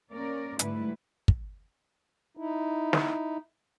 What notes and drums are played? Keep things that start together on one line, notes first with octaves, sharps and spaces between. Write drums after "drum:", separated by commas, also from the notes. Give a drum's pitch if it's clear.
A#3 C#4 A#4 D5
G#2 D3 G3 A3 E4 B4, drum: hi-hat
drum: kick
D#4 E4
drum: snare